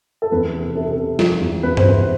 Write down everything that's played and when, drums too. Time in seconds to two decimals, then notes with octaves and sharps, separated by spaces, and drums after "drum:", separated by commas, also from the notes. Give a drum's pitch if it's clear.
0.22 A4
0.32 E2 B4
0.53 C3
0.75 C3 A4
0.91 A4
0.96 C3
1.19 F3, drum: snare
1.40 E2
1.63 E2 B4
1.77 C5, drum: tom G2
1.84 C3
1.91 B4